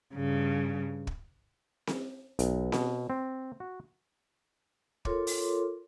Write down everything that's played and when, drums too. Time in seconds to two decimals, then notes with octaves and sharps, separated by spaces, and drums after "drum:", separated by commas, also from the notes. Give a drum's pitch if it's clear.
0.14 G2 C#3
1.07 drum: kick
1.87 drum: snare C4
2.39 B1, drum: hi-hat
2.72 B2, drum: snare C4
3.10 C4
3.60 F#4
5.05 F4 A4 A#4 C#5 C6 D6, drum: kick
5.27 drum: open hi-hat